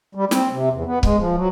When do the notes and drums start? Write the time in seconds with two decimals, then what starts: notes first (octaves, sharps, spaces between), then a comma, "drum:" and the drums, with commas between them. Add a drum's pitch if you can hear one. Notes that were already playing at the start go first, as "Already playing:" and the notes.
0.15 G3
0.31 C4, drum: snare
0.52 C3
0.73 E2
0.86 B3
1.03 G#3, drum: kick C#1
1.18 F3
1.36 F#3